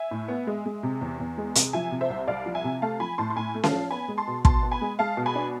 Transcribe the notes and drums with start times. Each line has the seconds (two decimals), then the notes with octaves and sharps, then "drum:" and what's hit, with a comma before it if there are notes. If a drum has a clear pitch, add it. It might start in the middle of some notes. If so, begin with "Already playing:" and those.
Already playing: E5 G#5
0.11 A2
0.28 B3
0.47 G#3
0.66 G#3
0.83 C3
1.01 E2
1.20 E2
1.38 G#3
1.55 C3, drum: hi-hat
1.73 F3 E5 G#5
1.91 C3
2.01 C5 E5
2.10 C2
2.27 C2 D5 F5
2.46 F3
2.55 E5 G#5
2.64 C3
2.82 A3 F5 A5
3.00 F3 G#5 B5
3.18 A2 A5 C6
3.30 C6
3.36 A2 G#5 B5
3.55 A3
3.64 F5 A5, drum: snare C#4
3.72 F3
3.91 B3 G#5 B5
4.08 G#3
4.18 A5 C6
4.27 B2
4.45 B2 A5 C6, drum: kick
4.63 B3
4.71 G#5 B5
4.81 G#3
4.99 G#3 F5 A5
5.17 B2
5.26 G#5 B5
5.35 D4